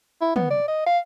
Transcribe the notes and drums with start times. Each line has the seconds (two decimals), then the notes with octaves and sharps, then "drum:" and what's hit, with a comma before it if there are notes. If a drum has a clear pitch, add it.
0.21 E4
0.36 B3, drum: tom
0.50 D5
0.68 D#5
0.86 F5